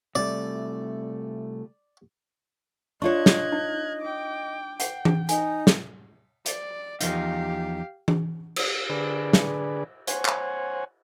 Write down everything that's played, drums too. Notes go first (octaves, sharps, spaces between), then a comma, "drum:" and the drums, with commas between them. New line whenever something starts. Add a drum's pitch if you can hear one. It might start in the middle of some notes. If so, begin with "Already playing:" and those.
C3 G3 A3 D5
D4 F4 C#5 D#5 C#6 F#6 G#6
drum: snare
D#4
G5 D6
F#5 G5, drum: hi-hat
drum: tom E3
D#4 G#5, drum: hi-hat
drum: snare
D5, drum: hi-hat
E2 F3 D#4 G4 F5, drum: hi-hat
drum: tom E3
drum: cymbal
D3 G#4 B4 D5
drum: snare
C5 C#5 F#5 G#5, drum: hi-hat
drum: clap